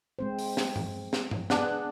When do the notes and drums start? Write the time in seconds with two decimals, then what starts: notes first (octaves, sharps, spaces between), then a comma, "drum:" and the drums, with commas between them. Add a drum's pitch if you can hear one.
0.19 G#3 C4 C5
0.39 drum: open hi-hat
0.57 drum: snare
0.76 drum: tom G2
1.13 drum: snare
1.31 drum: tom G2
1.50 B3 D4 G#4 F#5, drum: snare